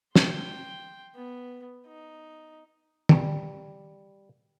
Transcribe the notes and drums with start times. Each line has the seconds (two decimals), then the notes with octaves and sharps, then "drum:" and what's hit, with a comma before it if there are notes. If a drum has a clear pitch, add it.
0.16 G5 C6, drum: snare
1.15 B3
1.87 D#4
3.09 G3, drum: tom